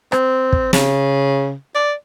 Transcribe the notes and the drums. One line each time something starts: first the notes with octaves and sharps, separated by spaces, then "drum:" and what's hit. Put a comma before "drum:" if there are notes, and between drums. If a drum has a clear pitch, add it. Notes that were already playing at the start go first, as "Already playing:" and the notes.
C4, drum: rim click
drum: kick
C#3, drum: snare
D5